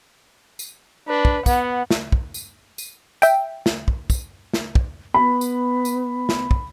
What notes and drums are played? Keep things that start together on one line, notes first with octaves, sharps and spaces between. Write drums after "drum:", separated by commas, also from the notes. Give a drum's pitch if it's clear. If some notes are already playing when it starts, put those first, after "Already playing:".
drum: tambourine
D4 B4
drum: kick
B3 F#5, drum: kick, tambourine
drum: snare
drum: kick
drum: tambourine
drum: tambourine
E5 G5, drum: tambourine
drum: snare
drum: kick
drum: kick, tambourine
drum: snare
drum: kick
B3 B5
drum: tambourine
drum: tambourine
drum: snare
drum: kick